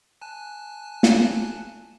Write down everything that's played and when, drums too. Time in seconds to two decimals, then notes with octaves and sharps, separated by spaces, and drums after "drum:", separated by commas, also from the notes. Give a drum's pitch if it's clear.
0.21 G#5 A5 F#6
1.03 drum: snare